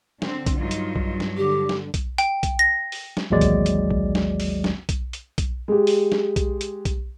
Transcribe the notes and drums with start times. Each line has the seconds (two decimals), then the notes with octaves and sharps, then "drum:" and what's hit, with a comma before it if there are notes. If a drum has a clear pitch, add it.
0.22 D3 C4, drum: snare
0.46 drum: kick B1, hi-hat
0.58 G2 F#3 D#4 F4
0.71 drum: hi-hat
0.96 drum: kick B1
1.20 drum: snare
1.37 D3 G4
1.69 drum: snare
1.94 drum: kick B1, hi-hat
2.18 G5, drum: hi-hat
2.43 drum: kick B1, hi-hat
2.59 A#6
2.92 drum: open hi-hat
3.17 drum: snare
3.30 A1 D#2 F#3 G#3 D5
3.41 drum: kick B1, hi-hat
3.66 drum: hi-hat
3.90 drum: kick B1
4.15 drum: snare
4.40 drum: open hi-hat
4.64 drum: snare
4.89 drum: kick B1, hi-hat
5.13 drum: hi-hat
5.38 drum: kick B1, hi-hat
5.68 G#3 G4
5.87 drum: open hi-hat
6.12 drum: snare
6.36 drum: kick B1, hi-hat
6.61 drum: hi-hat
6.85 drum: kick B1, hi-hat